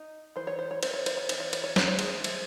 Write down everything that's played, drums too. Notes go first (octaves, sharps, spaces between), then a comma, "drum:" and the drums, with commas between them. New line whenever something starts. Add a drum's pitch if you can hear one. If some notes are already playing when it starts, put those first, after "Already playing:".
Already playing: D#4
E3 C5
C#5
C5
C#5
C4 C5, drum: cymbal
C#5
C5, drum: cymbal
C#5
E3 C5, drum: cymbal
C#5
C5, drum: cymbal
C#5
D#3 C5, drum: snare
C#5
G#4 C5, drum: cymbal
A3, drum: cymbal